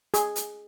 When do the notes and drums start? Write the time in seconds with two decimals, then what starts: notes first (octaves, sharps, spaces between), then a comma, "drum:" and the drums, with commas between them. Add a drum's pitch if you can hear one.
0.14 G#4, drum: hi-hat
0.36 drum: hi-hat